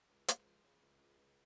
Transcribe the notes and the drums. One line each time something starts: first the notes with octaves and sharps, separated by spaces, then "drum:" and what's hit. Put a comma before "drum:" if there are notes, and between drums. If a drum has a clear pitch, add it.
C#2
C#2 C5, drum: hi-hat
F3
C#3
C#2
C#2
C#2